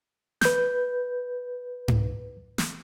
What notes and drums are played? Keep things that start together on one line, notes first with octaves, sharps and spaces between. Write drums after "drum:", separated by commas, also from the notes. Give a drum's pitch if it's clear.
B4 G6, drum: snare
drum: tom G#2
drum: snare